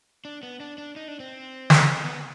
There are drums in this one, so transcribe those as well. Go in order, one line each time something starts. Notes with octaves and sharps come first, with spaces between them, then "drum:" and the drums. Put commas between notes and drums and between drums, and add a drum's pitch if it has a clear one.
D4
B3
D4
D4
D#4
D4
C4
drum: snare
B3